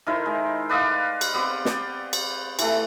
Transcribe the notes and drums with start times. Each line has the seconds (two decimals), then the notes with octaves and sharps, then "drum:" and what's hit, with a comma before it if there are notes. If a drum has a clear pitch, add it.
0.07 D#3 E4 A#4 C5
0.26 G#3
0.69 B4 D5 D#5 F5
1.21 drum: cymbal
1.34 B3 C4 G4
1.65 D5 G5, drum: snare
2.13 drum: cymbal
2.59 E3 A3, drum: cymbal